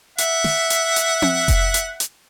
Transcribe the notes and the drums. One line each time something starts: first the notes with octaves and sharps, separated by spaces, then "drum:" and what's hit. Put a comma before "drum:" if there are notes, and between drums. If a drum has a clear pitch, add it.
E5 F#5, drum: hi-hat
drum: snare
drum: hi-hat
drum: hi-hat
drum: tom C4
drum: kick F1, hi-hat
drum: hi-hat
drum: hi-hat